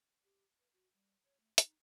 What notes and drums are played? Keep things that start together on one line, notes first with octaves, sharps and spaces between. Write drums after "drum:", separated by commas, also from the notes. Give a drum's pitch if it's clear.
G4
B4
F#4
G3
C#5
A3
D#4, drum: hi-hat